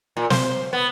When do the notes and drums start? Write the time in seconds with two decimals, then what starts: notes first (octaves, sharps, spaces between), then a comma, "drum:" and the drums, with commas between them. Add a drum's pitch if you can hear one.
0.17 A#2
0.30 C5, drum: snare
0.73 B3